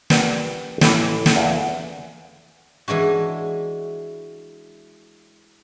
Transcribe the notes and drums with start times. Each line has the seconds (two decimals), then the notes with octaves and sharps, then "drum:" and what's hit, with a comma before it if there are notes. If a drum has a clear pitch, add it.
0.10 G4 A#4 B4 D5 F#5 G5, drum: snare
0.81 A1 E3, drum: snare
1.26 drum: snare
1.36 E2 F5
2.88 E3 G#3 D4 F#4